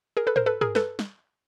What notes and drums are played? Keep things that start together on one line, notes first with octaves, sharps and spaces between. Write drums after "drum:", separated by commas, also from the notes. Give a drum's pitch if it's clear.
G#4 A#4
A4 B4
A#4 C5, drum: tom G#2
A4 B4
G#4 A#4, drum: tom
A4 B4, drum: snare
drum: snare